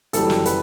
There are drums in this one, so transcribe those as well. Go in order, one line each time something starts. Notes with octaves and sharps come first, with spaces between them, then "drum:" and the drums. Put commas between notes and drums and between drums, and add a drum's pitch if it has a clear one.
F#1 F#2 E3 G3 A4, drum: hi-hat
drum: snare
B4, drum: hi-hat